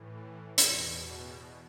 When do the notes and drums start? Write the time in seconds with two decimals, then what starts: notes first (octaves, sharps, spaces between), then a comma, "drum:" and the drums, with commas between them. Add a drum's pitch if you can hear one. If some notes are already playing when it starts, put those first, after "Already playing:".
Already playing: A2 E3
0.58 E2 B2, drum: hi-hat